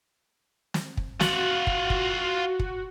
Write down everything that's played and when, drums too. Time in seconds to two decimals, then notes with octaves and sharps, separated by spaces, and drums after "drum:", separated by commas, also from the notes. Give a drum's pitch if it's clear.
0.74 drum: snare
0.97 drum: kick
1.21 F4 F#4 F#5, drum: snare
1.67 drum: kick
1.90 drum: kick
2.60 drum: kick